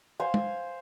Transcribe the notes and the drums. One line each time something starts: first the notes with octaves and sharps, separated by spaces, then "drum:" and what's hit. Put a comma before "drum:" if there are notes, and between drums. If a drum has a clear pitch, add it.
C5 F5 G#5
drum: tom